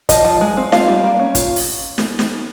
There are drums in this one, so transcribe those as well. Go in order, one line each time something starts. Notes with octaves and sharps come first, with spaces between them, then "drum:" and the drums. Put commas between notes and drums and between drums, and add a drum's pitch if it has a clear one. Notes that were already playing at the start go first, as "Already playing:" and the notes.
F3 D#5, drum: kick, hi-hat
F3
G#3
C4
F4 F5, drum: snare
G3
A#3
C#4
F4, drum: kick, hi-hat
drum: open hi-hat
drum: snare
drum: snare